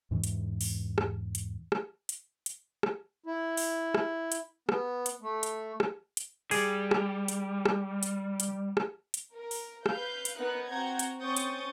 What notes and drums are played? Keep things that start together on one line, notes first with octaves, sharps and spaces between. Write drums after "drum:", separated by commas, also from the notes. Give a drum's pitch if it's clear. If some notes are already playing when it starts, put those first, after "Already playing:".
E2 G#2 E3
drum: hi-hat
drum: open hi-hat
drum: rim click
drum: hi-hat
drum: rim click
drum: hi-hat
drum: hi-hat
drum: rim click
E4
drum: open hi-hat
drum: rim click
drum: hi-hat
B3, drum: rim click
drum: hi-hat
A3
drum: hi-hat
drum: rim click
drum: hi-hat
G3 G#4, drum: open hi-hat
drum: rim click
drum: hi-hat
drum: rim click
drum: hi-hat
drum: hi-hat
drum: rim click
drum: hi-hat
A#4
drum: open hi-hat
B4 F5 G6, drum: rim click
drum: hi-hat
B3 D#4 A#4 F#6
C4 F#4 F#5 A#5 G6 G#6
drum: hi-hat
C4 C#4 C#6 D#6 G6 A6
drum: hi-hat